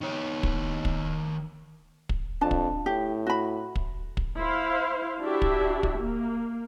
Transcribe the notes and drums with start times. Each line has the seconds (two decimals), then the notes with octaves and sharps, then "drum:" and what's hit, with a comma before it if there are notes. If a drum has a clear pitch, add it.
0.01 D#3 C#5
0.43 drum: kick
0.85 drum: kick
2.09 drum: kick
2.41 F2 D4 A5
2.51 drum: kick
2.86 A2 G4
3.26 F#4 B5
3.75 drum: kick
4.17 drum: kick
4.38 E4 C5 F5
5.21 D4 E4 F#4 G4 E5
5.42 drum: kick
5.83 drum: kick
6.00 A#3